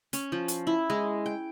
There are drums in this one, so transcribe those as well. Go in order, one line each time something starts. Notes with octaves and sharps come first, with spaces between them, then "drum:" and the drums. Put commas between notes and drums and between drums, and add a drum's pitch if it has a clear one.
C#4, drum: hi-hat
F3
drum: hi-hat
E4
G#3
G5